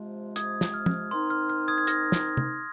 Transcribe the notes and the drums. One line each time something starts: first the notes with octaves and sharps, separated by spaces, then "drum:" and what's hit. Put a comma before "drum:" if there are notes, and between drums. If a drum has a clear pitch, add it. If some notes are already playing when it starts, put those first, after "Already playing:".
Already playing: C3 F3 G#3
D#6 G#6, drum: hi-hat
drum: snare
F6
drum: tom
D#3 C4 D#4 C6
F6
F6
D#6 G#6
G#6
F6 A#6, drum: hi-hat
drum: snare
drum: tom C3